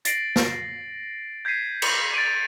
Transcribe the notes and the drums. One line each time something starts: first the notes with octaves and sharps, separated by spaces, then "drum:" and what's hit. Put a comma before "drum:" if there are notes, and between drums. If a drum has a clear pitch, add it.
A6 A#6 C7 D7 F#7, drum: hi-hat
drum: snare
G6 G#6 B6 C7 D#7
C#7, drum: cymbal
A6 D7 D#7